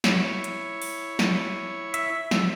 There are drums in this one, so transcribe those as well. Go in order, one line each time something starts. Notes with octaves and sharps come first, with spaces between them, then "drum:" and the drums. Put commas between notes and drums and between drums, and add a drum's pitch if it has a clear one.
E4 C#5, drum: snare
drum: hi-hat
drum: open hi-hat
drum: snare
E5, drum: hi-hat
drum: snare